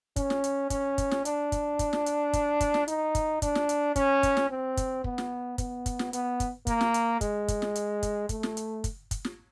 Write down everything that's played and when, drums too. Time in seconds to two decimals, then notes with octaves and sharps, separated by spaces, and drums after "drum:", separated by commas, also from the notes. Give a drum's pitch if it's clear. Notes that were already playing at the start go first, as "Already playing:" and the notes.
0.16 C#4, drum: kick, hi-hat
0.30 drum: snare
0.44 drum: hi-hat
0.70 C#4, drum: kick, hi-hat
0.98 drum: kick, hi-hat
1.11 drum: snare
1.25 D4, drum: hi-hat
1.52 drum: kick, hi-hat
1.79 drum: kick, hi-hat
1.93 drum: snare
2.06 drum: hi-hat
2.33 drum: kick, hi-hat
2.60 drum: kick, hi-hat
2.74 drum: snare
2.88 D#4, drum: hi-hat
3.15 drum: kick, hi-hat
3.42 D4, drum: kick, hi-hat
3.55 drum: snare
3.69 drum: hi-hat
3.96 C#4, drum: kick, hi-hat
4.23 drum: kick, hi-hat
4.37 drum: snare
4.50 C4
4.77 drum: kick, hi-hat
5.04 B3, drum: kick
5.18 drum: snare
5.58 B3, drum: kick, hi-hat
5.86 drum: kick, hi-hat
5.99 drum: snare
6.13 B3, drum: hi-hat
6.40 drum: kick, hi-hat
6.67 A#3, drum: kick, hi-hat
6.81 drum: snare
6.94 drum: hi-hat
7.21 G#3, drum: kick, hi-hat
7.48 drum: kick, hi-hat
7.62 drum: snare
7.75 drum: hi-hat
8.03 drum: kick, hi-hat
8.29 A3, drum: kick, hi-hat
8.43 drum: snare
8.57 drum: hi-hat
8.84 drum: kick, hi-hat
9.11 drum: kick, hi-hat
9.25 drum: snare